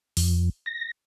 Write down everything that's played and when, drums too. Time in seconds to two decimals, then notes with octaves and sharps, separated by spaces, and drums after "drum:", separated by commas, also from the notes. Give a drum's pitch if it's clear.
0.17 F2, drum: open hi-hat
0.66 A#6